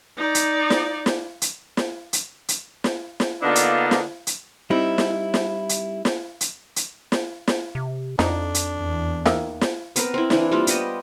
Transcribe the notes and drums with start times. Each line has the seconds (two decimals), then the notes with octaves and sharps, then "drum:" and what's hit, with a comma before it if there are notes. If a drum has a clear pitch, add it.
0.17 D#4 D5
0.35 drum: hi-hat
0.70 drum: snare
1.06 drum: snare
1.42 drum: hi-hat
1.77 drum: snare
2.13 drum: hi-hat
2.48 drum: hi-hat
2.84 drum: snare
3.20 drum: snare
3.42 D3 A#3 B3 D4 D#4 F4
3.55 drum: hi-hat
3.91 drum: snare
4.27 drum: hi-hat
4.70 G3 C4 D#4 E4
4.98 drum: snare
5.34 drum: snare
5.69 drum: hi-hat
6.05 drum: snare
6.41 drum: hi-hat
6.76 drum: hi-hat
7.12 drum: snare
7.48 drum: snare
7.75 C3
8.19 F2 D4 D#4, drum: snare
8.54 drum: hi-hat
8.83 E2
9.25 D#3 A#3 E5, drum: snare
9.61 drum: snare
9.96 B3 C4 A#4 B4, drum: hi-hat
10.14 C4 E4
10.30 E3 D4 E4, drum: snare
10.51 G3 A#3 F4 E5
10.67 B3 G4 D#5, drum: hi-hat